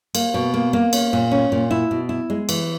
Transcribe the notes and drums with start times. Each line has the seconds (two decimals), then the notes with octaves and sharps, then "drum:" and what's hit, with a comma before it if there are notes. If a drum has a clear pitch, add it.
0.15 A#3, drum: cymbal
0.34 B2
0.54 A#3
0.73 A#3
0.93 C#4, drum: cymbal
1.13 A#2
1.31 C#4
1.52 A#2
1.71 E4
1.91 B2
2.09 E4
2.30 G#3
2.49 E3, drum: cymbal